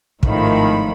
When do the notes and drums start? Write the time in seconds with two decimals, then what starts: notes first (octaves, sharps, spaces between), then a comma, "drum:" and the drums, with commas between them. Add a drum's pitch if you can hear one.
0.23 G#1 A2 D#3 F3 B5, drum: kick